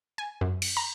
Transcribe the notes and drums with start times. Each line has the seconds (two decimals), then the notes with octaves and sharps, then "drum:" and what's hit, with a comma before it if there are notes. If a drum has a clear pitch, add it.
0.18 G#5
0.41 F#2
0.62 C#7, drum: cymbal
0.77 A#5